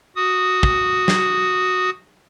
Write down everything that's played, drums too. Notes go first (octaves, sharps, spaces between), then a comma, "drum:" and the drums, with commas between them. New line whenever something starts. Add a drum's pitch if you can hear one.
F#4 D#6
drum: kick
drum: snare